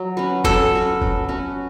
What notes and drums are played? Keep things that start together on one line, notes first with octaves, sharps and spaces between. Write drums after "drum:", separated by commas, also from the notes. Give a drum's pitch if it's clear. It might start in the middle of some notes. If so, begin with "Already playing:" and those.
Already playing: F#3
C#4 F#4 B4
F#3 A4, drum: kick
C#4 F#4 B4
F#3, drum: kick
C#4 F#4 B4